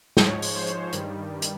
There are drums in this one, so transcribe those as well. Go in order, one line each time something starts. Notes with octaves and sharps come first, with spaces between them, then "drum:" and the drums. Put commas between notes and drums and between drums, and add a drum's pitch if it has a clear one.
G#2 F3 G#3 C#5, drum: snare
drum: open hi-hat
C5
drum: hi-hat
G2 D#3 G3, drum: hi-hat
drum: hi-hat